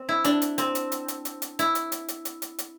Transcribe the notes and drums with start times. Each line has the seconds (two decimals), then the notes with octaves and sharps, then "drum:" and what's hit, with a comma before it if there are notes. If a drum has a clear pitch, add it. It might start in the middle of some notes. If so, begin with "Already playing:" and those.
Already playing: C4
0.09 E4
0.25 D4, drum: hi-hat
0.42 drum: hi-hat
0.58 C4, drum: hi-hat
0.75 drum: hi-hat
0.92 drum: hi-hat
1.08 drum: hi-hat
1.25 drum: hi-hat
1.42 drum: hi-hat
1.59 E4, drum: hi-hat
1.75 drum: hi-hat
1.92 drum: hi-hat
2.08 drum: hi-hat
2.25 drum: hi-hat
2.42 drum: hi-hat
2.59 drum: hi-hat